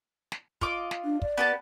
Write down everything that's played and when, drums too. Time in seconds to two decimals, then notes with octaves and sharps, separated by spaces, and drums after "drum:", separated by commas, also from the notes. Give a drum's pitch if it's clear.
0.32 drum: snare
0.61 F4 D#5 D6, drum: kick
0.91 drum: snare
1.04 D4
1.22 D5, drum: kick
1.37 B3 G4 A5